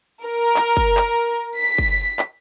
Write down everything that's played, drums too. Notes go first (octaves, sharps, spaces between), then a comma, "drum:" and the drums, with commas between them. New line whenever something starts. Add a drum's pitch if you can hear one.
A#4
drum: clap
drum: kick
drum: clap
B6
drum: kick
drum: clap